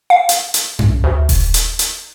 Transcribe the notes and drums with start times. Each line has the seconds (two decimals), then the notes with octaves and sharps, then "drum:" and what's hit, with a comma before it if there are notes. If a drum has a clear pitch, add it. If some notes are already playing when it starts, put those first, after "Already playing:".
0.10 F5
0.29 drum: hi-hat
0.54 drum: hi-hat
0.79 drum: tom F#2
1.04 D2
1.29 drum: kick D#1, open hi-hat
1.54 drum: hi-hat
1.79 drum: hi-hat